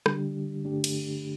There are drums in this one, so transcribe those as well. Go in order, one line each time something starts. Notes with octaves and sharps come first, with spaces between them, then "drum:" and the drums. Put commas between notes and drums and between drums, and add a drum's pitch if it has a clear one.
D3 G3 D4 G4, drum: rim click
G2 D3 A3 D4 G4
drum: cymbal